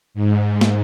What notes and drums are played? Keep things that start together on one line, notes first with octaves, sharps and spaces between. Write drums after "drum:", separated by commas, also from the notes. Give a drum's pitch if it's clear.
G#2
drum: snare